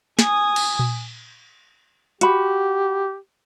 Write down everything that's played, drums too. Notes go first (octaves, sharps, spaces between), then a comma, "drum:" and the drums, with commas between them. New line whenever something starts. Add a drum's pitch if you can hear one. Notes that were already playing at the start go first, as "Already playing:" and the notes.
G#5 D#6, drum: snare
drum: cymbal
drum: tom A#2
F#4 G4 B5, drum: hi-hat